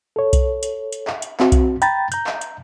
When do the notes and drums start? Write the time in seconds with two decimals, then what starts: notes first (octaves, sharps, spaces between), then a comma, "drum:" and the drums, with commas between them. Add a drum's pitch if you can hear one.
0.16 A4 C#5
0.33 drum: kick B1, hi-hat
0.63 drum: hi-hat
0.92 drum: hi-hat
1.07 drum: clap
1.22 drum: hi-hat
1.40 C4 F#4, drum: clap
1.52 drum: kick B1, hi-hat
1.82 G5 A#5 B5 A6, drum: hi-hat
2.12 A#5 G6, drum: hi-hat
2.27 drum: clap
2.41 drum: hi-hat